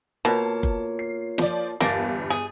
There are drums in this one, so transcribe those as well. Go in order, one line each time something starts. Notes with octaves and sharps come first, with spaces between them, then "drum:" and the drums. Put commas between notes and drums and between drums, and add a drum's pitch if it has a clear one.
B2 A#3 F4 C#5 A5
drum: kick F#1
C7
F3 D5, drum: snare
G1 E2 G2 A#3 G#5 A5 A6, drum: snare
G#4